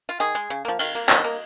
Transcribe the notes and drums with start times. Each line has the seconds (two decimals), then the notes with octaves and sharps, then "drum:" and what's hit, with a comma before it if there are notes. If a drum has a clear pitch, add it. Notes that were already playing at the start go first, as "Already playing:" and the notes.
0.09 F4
0.20 D#3 G#4
0.35 G#3
0.50 C#3
0.65 F3 A#3
0.79 D#3 F5, drum: cymbal
0.95 A#3
1.09 D#3 D#5, drum: clap
1.24 A#3